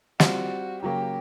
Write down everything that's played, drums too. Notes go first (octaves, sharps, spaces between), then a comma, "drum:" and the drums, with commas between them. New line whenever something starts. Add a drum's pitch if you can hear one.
G3 C4 F4 F#4, drum: snare
C#3 F#3 A#3 G4